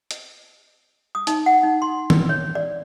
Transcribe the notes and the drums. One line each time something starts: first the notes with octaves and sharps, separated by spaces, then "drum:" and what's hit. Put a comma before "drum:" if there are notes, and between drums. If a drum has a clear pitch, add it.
drum: hi-hat
D#6
D#4, drum: hi-hat
F#5
D#4
C6
drum: tom D#3
C#5
D5